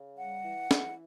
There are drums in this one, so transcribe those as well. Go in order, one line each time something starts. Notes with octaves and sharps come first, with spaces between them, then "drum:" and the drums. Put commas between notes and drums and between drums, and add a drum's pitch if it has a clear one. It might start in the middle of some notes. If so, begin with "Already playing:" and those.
Already playing: C#3
G3 F#5
E3
E3, drum: snare